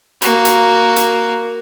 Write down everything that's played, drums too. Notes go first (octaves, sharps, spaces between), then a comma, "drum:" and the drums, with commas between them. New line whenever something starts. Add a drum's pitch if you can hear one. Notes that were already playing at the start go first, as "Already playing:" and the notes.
A#3 F#4, drum: hi-hat
drum: hi-hat
drum: hi-hat